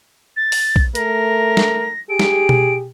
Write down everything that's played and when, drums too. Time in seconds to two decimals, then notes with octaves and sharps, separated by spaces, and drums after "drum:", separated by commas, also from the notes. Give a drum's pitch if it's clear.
0.37 A6
0.52 drum: open hi-hat
0.76 drum: kick
0.95 A3 A#4 A#6, drum: hi-hat
1.57 drum: snare
2.10 G4 G#4 D7
2.19 drum: snare
2.49 drum: tom B2